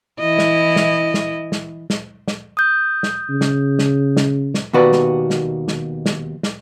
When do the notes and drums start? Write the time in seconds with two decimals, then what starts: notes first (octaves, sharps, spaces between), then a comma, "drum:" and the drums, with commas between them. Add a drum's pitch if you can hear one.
0.20 E3 E4 D#5
0.39 drum: snare
0.76 drum: snare
1.14 drum: snare
1.52 drum: snare
1.90 drum: snare
2.28 drum: snare
2.57 D#6 G6
3.03 drum: snare
3.30 C#3
3.41 drum: snare
3.79 drum: snare
4.17 drum: snare
4.54 drum: snare
4.73 D#2 B2 F#4 B4 D5
4.92 drum: snare
5.30 drum: snare
5.68 drum: snare
6.06 drum: snare
6.43 drum: snare